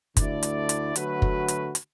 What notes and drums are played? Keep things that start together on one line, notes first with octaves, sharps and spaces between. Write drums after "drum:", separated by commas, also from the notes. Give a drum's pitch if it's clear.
D2 D3 A3 E4 D5, drum: kick, hi-hat
drum: hi-hat
drum: hi-hat
D3 F#3 A3 F#4 B4, drum: hi-hat
drum: kick
drum: hi-hat
drum: hi-hat